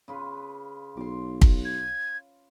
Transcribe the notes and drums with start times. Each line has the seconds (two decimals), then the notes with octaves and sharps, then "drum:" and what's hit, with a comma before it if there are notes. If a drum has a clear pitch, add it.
0.08 C#3 F4 B4
0.97 B1 C6 D6
1.42 drum: kick
1.65 G#6